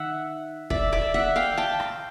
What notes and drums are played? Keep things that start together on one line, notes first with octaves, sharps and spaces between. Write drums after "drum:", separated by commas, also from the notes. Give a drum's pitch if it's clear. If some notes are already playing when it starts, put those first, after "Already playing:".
Already playing: D#3 E5 F#5
D5 E5, drum: kick
D5 E5
E5 F#5
F5 G5
G5 A5
drum: rim click